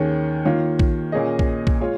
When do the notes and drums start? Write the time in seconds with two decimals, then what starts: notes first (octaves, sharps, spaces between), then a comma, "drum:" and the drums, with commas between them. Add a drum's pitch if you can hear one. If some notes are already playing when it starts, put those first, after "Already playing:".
Already playing: D#2 D#3 C#4 G#4
0.45 D#3 A#3 F4 C#5
0.79 drum: kick A#1
1.12 A#2 A#3 C#4 G#4 D#5
1.39 drum: kick A#1
1.67 drum: kick A#1
1.81 G#3 F4 C#5